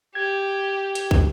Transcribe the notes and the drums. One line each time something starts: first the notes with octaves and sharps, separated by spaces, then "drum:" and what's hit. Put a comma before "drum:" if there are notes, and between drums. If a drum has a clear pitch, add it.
G4 G#6
drum: hi-hat
drum: kick